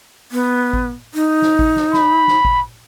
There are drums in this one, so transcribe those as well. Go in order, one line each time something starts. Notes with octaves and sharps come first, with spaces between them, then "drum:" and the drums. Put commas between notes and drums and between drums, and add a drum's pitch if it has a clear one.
B3
drum: kick G#1
D#4
drum: snare
drum: kick G#1
drum: snare
B5, drum: snare
drum: snare
drum: kick G#1